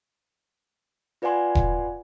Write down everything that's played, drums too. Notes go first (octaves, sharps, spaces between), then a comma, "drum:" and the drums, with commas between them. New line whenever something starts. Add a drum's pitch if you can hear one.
F4 B4 D5 F#5 G#5 C6
drum: kick E1